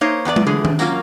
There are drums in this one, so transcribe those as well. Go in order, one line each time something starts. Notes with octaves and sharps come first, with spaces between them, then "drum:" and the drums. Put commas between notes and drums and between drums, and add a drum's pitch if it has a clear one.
A#3 D#4 C5 C#5
E2 B3 D#4 D5
drum: tom G#3
D3 E3 G#4
drum: tom D#3
F#3 A#3 C#4 F4, drum: tambourine